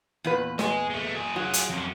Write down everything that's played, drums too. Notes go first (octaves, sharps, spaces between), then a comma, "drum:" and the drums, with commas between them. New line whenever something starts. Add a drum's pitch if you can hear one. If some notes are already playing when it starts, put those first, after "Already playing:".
E2 A#2 B4
D#5 G#5, drum: snare
G#3 A3
F#3 G#4
F#3 F4 G#4
drum: hi-hat
F2 C#4